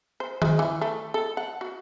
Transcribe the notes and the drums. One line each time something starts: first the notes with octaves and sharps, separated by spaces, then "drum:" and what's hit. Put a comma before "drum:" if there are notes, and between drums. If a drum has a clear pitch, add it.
C5
G#3, drum: tom D#3
E3
A3
A4
F#5
F#4